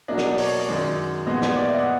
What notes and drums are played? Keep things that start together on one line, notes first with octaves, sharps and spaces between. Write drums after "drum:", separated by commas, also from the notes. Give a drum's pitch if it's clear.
B2 F#3 A#3 D4 D#5
drum: snare
D5
C#5, drum: open hi-hat
D#5
F#2 D#3 G#3 D5
A#2 F3 G#3 B3 D#5
D5, drum: snare
D5
E5
D#5
F#5